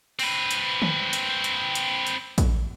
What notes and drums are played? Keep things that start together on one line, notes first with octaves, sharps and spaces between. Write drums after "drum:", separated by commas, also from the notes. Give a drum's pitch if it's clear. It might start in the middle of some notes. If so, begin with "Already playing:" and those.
C4 B4, drum: open hi-hat
drum: hi-hat
drum: tom
drum: hi-hat
drum: hi-hat
drum: hi-hat
drum: hi-hat
drum: kick, hi-hat